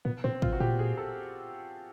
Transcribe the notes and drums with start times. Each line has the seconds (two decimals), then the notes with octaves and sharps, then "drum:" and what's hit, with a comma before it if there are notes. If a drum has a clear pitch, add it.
0.05 A#2 B3
0.24 A#2 C4
0.42 A#2 F4, drum: kick
0.52 F#4
0.60 A#2 G4
0.79 G#4
0.97 A4